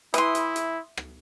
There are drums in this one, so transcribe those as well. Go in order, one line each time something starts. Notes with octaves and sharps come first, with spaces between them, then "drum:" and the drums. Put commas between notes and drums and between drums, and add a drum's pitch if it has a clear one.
E3 E4 C6 D#6, drum: hi-hat
drum: hi-hat
drum: hi-hat
drum: rim click